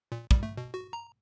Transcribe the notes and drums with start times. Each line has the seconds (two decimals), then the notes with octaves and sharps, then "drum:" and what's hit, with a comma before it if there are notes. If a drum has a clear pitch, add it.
0.12 A#2
0.31 G3, drum: kick
0.43 A3
0.57 B2
0.74 F#4
0.93 A#5